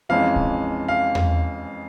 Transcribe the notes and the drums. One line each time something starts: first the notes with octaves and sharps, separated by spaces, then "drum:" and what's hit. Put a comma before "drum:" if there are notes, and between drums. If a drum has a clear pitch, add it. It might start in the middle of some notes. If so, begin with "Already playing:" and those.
F2 E3 G#3 C#4 F5
drum: kick A#1
F5
drum: tom E2